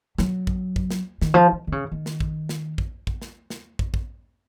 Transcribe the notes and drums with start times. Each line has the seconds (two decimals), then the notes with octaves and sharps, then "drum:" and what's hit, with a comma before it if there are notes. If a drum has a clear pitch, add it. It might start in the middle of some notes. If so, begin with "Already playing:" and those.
0.18 F#3, drum: snare
0.47 drum: kick
0.76 drum: kick
0.91 drum: snare
1.22 D#3, drum: snare
1.34 F3
1.53 D#3
1.67 D#3
1.72 C#3
1.92 D#3
2.06 drum: snare
2.20 drum: kick
2.49 drum: snare
2.78 drum: kick
3.07 drum: kick
3.22 drum: snare
3.50 drum: snare
3.79 drum: kick
3.94 drum: kick